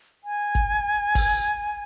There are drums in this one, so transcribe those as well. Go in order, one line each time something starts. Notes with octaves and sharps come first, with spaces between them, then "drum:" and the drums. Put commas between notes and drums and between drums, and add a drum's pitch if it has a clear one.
G#5
drum: kick G1, hi-hat
drum: kick G1, open hi-hat